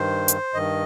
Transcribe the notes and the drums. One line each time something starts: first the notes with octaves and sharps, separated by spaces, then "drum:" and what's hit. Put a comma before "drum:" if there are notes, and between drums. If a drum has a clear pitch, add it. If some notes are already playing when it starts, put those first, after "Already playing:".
Already playing: G2 D#3 C5
drum: hi-hat
G2 D#3 D#5